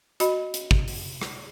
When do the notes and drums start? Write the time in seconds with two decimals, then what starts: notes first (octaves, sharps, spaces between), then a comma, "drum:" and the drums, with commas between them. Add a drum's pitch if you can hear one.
0.20 F#4 D#5 B5, drum: hi-hat
0.54 drum: hi-hat
0.71 drum: kick
0.88 drum: open hi-hat
1.21 drum: rim click